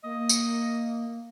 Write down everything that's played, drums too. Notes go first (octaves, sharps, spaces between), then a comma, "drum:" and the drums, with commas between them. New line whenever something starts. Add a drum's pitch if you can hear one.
A#3 D#5
drum: tambourine